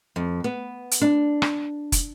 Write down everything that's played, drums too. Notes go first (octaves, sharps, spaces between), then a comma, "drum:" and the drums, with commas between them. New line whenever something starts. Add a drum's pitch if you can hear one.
F2
B3
drum: hi-hat
D4
drum: rim click
drum: kick, hi-hat